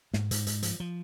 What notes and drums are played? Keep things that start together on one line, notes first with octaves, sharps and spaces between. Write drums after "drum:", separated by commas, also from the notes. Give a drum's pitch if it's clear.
G#2, drum: snare
G#2, drum: hi-hat
G#2, drum: hi-hat
F3, drum: hi-hat
F3